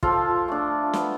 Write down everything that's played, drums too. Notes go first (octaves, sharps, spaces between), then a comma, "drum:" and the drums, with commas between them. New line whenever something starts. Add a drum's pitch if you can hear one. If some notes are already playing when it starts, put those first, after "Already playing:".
F3 F4 A4, drum: kick
A3 D4
B3, drum: snare